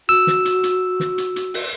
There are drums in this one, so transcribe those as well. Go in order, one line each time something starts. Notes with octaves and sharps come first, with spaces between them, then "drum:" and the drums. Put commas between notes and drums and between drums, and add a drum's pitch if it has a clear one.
F#4 E6
drum: snare
drum: hi-hat
drum: hi-hat
drum: snare
drum: hi-hat
drum: hi-hat
drum: open hi-hat